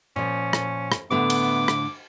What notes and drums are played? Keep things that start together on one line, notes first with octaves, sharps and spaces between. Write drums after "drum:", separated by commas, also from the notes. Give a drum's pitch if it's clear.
A#2 F3 C#4
drum: rim click
drum: rim click
A2 D3 A3 B3 D6
drum: cymbal
drum: rim click